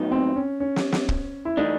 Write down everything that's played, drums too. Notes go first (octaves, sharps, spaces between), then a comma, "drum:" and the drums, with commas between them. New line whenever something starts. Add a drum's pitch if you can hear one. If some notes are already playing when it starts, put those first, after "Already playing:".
Already playing: A2 F#3 B3 D#4
C4
C#4
C#4
drum: snare
drum: snare
drum: kick
E4
E3 A3 D4 D#4